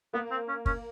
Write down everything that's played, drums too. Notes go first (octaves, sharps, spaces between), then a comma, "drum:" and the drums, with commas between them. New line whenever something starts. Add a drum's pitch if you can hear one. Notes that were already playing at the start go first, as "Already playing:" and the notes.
A#3 B3
C4
C#4
C#4, drum: kick